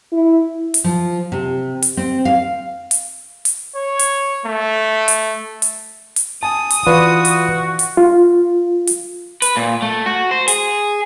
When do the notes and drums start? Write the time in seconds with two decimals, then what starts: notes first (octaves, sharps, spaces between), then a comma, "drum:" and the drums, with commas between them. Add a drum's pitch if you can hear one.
0.13 E4
0.74 drum: hi-hat
0.84 F3
1.32 C3
1.82 drum: hi-hat
1.97 C4
2.25 F5
2.91 drum: hi-hat
3.45 drum: hi-hat
3.76 C#5
3.99 drum: hi-hat
4.46 A3
5.08 drum: hi-hat
5.62 drum: hi-hat
6.16 drum: hi-hat
6.43 G#5 A5 D#6
6.70 drum: hi-hat
6.87 E3 F4 F#4 B4 D5
7.25 drum: hi-hat
7.79 drum: hi-hat
7.97 F4
8.87 drum: hi-hat
9.42 B4, drum: hi-hat
9.57 A#2
9.82 A3
10.06 F#4
10.31 C5
10.48 G#4, drum: hi-hat